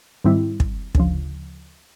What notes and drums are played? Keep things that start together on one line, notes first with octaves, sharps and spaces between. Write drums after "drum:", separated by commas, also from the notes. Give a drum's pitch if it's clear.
G#2 D#3 G3 C4 E4
drum: kick
D2 C#3 F3, drum: kick